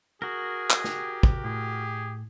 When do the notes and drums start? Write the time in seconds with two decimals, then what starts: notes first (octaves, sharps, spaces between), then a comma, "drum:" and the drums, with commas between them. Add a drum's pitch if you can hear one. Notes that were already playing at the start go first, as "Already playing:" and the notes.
0.22 F#4 G#4 A#4
0.70 drum: clap
0.84 G4, drum: snare
1.23 drum: kick
1.44 A2 G#4